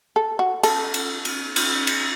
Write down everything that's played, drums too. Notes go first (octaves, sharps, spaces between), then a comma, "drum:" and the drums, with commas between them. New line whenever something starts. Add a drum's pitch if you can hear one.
A4
F#4
A4, drum: cymbal
drum: cymbal
drum: cymbal
drum: cymbal
drum: cymbal